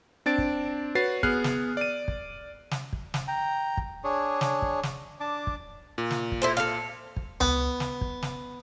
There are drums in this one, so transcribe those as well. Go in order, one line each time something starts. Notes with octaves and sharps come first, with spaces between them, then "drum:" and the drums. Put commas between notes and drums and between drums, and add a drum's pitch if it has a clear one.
C4 D4 A6 D7
drum: kick
F#4 B4 C#5 A6 C7
B3 G#4 F6 F#6 C7, drum: kick
drum: snare
D5 D#7
drum: kick
drum: snare
drum: kick
drum: snare
G5 A#5
drum: kick
D4 G#4 C#5
drum: snare
drum: kick
drum: snare
D4 A5 D6
drum: kick
A#2
drum: snare
drum: kick
E4 A4 C5
A4 C5 F5
drum: kick
B3, drum: tom C#2
drum: snare
drum: kick
drum: snare